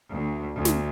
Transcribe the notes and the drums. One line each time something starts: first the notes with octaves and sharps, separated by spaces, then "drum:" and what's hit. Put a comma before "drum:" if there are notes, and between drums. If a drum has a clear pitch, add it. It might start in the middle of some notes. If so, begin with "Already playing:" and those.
D2
D2
drum: snare